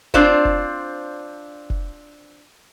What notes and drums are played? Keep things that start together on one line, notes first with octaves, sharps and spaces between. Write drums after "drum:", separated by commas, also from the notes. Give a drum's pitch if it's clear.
C4 D4 F4 C5, drum: kick F1
drum: kick F1
drum: kick F1